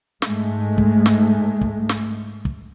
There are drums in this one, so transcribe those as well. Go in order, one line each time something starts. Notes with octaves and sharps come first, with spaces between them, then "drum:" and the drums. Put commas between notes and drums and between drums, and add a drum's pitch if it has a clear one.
G#2 G#3 A3, drum: snare
drum: kick
drum: snare
drum: kick
drum: snare
drum: kick